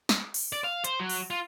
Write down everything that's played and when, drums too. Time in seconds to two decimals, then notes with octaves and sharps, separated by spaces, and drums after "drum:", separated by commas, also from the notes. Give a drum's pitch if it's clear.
0.09 drum: snare
0.34 drum: open hi-hat
0.53 D5
0.64 F5
0.84 C5, drum: hi-hat
0.99 F#3
1.09 drum: open hi-hat
1.30 F4